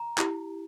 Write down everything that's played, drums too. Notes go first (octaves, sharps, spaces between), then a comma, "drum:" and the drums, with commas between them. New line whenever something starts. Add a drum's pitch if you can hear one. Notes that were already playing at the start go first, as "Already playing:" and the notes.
Already playing: A#5
E4 G4, drum: clap